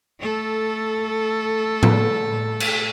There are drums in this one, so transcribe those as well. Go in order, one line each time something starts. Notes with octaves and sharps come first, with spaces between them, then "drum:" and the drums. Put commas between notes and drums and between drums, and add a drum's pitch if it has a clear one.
A3 A4
drum: tom A2
drum: cymbal